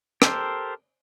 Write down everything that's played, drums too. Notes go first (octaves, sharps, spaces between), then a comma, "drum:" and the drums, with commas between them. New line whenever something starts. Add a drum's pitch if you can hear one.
G4 A4 A#4 C5, drum: rim click